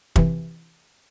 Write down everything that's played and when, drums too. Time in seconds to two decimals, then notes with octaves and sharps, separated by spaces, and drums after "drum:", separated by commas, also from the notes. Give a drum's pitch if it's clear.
0.16 C3 E3, drum: kick